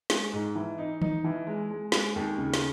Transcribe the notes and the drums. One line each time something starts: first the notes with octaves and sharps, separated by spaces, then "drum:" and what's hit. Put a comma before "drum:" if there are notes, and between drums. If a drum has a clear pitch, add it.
G#3, drum: snare
G#2
E3
D#4
D#4, drum: tom D#3
E3
G#3
G#3
G#3, drum: snare
D#2
C#3
drum: snare